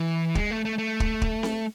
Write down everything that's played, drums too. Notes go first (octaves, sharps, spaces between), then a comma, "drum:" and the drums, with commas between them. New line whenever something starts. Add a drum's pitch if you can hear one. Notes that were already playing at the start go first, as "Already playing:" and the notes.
Already playing: E3
G#3, drum: kick
A3
A3
A3
drum: kick
drum: kick
drum: snare C4